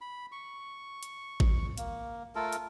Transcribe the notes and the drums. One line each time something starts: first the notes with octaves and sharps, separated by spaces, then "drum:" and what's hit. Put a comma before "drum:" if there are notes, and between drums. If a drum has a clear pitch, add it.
B5
C#6
drum: hi-hat
drum: kick G#1
A#3, drum: hi-hat
A3 F4 A4 A#4
drum: hi-hat